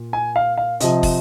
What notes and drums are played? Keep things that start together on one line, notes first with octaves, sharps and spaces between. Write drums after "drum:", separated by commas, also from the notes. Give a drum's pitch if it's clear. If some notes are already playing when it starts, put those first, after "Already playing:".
Already playing: A#2
G#5
F5
F5
C3 F3 D#5, drum: hi-hat
drum: kick, open hi-hat